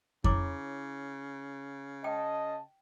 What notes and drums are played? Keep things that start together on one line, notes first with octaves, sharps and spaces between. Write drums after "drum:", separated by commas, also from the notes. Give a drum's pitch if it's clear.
C#3 E4 C#5 D6, drum: kick F2
D#5 G5 A5